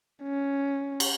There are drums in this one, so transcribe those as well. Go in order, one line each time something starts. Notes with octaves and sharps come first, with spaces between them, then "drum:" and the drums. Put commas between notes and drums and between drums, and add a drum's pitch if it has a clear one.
C#4
drum: cymbal